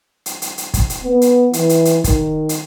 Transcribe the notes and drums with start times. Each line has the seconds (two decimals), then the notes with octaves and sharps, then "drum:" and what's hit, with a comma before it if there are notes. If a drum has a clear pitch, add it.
0.26 drum: hi-hat
0.42 drum: hi-hat
0.58 drum: hi-hat
0.74 drum: kick, hi-hat
0.90 drum: hi-hat
1.04 B3
1.21 drum: hi-hat
1.53 E3, drum: hi-hat
1.69 drum: hi-hat
1.85 drum: hi-hat
2.04 D#3, drum: kick, hi-hat
2.49 drum: hi-hat